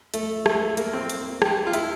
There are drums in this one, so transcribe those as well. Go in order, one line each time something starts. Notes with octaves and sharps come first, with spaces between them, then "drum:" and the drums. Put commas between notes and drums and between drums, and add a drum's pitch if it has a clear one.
A3, drum: hi-hat
A3, drum: rim click
A#3, drum: hi-hat
C4
drum: hi-hat
G4, drum: rim click
F4
E4, drum: hi-hat